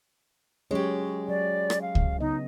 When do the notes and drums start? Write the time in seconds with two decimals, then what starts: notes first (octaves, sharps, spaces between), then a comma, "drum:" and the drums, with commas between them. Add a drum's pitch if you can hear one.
0.71 F#3 G#3 C#4 G4 C#5
1.28 F#3 D5
1.70 drum: rim click
1.82 F5
1.95 drum: kick C#2
2.20 C#3 B3 D#4 D#5